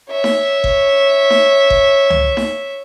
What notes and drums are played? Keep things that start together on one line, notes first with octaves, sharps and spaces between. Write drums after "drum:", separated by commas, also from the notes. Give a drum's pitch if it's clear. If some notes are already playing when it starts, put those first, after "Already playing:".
C#5 E5
drum: snare D#4
drum: kick G1
drum: snare D#4
drum: kick G1
drum: tom C#2
drum: snare D#4